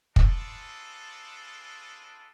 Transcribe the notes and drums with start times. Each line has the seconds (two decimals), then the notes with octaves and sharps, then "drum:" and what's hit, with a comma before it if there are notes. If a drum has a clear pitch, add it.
0.16 C4 D4 E4 F4 G#4 A4, drum: kick